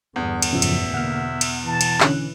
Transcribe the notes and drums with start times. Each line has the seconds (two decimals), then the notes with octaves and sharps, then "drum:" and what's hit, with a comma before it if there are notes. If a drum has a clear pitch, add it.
0.16 E2 G2 D3 D#6
0.42 drum: cymbal
0.53 A1 F#2 C#3 F3 E5
0.62 drum: cymbal
0.94 B2 D3 A#3 F#5 F6
1.28 B3
1.41 drum: cymbal
1.65 B2 E3 A5
1.81 drum: cymbal
2.00 D3 C#4 F#6, drum: clap